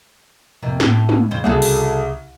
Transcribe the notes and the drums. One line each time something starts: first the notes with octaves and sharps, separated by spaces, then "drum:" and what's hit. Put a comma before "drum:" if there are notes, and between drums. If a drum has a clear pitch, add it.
F2 C3 A#3
A2 E4, drum: snare
drum: tom
F2 C#3 C5
C2 C#3 F#4 G#4 A4
drum: open hi-hat